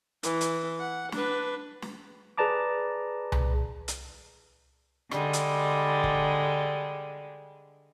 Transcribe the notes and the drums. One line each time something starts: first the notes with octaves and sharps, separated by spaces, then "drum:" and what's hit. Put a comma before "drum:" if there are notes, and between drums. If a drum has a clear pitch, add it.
E3, drum: hi-hat
drum: hi-hat
F#5
D4 B4, drum: snare
drum: snare
G#4 B4 D5 A5 A#5 D6
drum: tom C2
drum: hi-hat
D3 G3 G#3, drum: rim click
drum: hi-hat
drum: kick